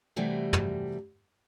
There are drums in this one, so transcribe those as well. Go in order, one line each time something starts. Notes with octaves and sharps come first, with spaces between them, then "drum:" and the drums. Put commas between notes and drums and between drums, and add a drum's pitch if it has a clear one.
C3 E3 G3 A3 F#4
drum: tom